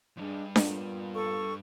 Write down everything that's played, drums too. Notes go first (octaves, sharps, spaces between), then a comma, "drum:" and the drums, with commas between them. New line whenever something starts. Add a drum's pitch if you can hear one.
E2 G2 G#3 D4
A#2 B3 F4, drum: snare D4
A4 C#6